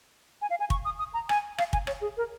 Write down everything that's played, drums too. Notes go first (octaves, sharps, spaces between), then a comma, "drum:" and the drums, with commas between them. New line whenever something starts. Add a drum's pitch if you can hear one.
G#5
F5
G#5
C#6, drum: kick
D#6
D#6
A#5
G#5, drum: rim click
F5, drum: rim click
G#5, drum: kick
C#5, drum: rim click
G#4
A#4